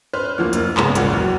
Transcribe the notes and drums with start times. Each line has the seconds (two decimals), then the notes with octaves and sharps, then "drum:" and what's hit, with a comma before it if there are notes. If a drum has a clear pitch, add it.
0.13 B4 C5 F6
0.38 D2 E3 F3 A#3
0.53 F#1 A#3, drum: hi-hat
0.77 G1 G#2 C#3 B3, drum: clap
0.95 A#1 D#2 A#3 B4 F#5, drum: hi-hat
1.13 E2 F#3